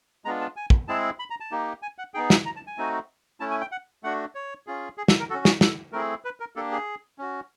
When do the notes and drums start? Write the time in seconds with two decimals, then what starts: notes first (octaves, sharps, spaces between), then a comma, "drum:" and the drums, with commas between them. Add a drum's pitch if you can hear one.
0.25 G#3 B3 D4 F4 A#5
0.41 A5
0.56 G#5
0.70 drum: kick
0.88 G#3 C4 E4 G#4 A5
1.19 B5
1.30 A#5
1.40 A5
1.51 A#3 D#4 G4
1.82 G#5
1.98 F#5
2.14 B3 D#4 G#4 G5
2.30 E5, drum: snare
2.45 A#5
2.56 A5
2.67 G#5
2.78 A3 C4 D#4 F#4
3.40 A3 C#4 E4 A5
3.51 G#5
3.61 G5
3.72 F#5
4.03 A3 D4 F#4 F#5
4.35 C#5
4.67 C#4 F4 G#4
4.98 G#4
5.08 A4, drum: snare
5.19 A#4
5.30 C#4 F#4 A4
5.45 G#4, drum: snare
5.61 A4, drum: snare
5.92 A3 C4 E4 G#4 A#4
6.25 B4
6.40 A#4
6.56 A#3 D4 G4 A4
6.72 G#4
7.18 C#4 F#4